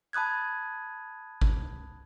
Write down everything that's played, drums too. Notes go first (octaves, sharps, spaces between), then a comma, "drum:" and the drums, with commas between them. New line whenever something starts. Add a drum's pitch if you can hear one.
A5 B5 D#6 F#6 G#6
drum: kick